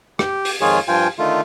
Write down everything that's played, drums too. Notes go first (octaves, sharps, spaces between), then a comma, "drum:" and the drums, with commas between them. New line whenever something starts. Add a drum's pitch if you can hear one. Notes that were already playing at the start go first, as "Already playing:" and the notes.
G4, drum: rim click
drum: open hi-hat
F2 D#3 G#3 F4 G#4 C#5
G2 F3 F4 G5 G#5
D3 D#3 A3 F4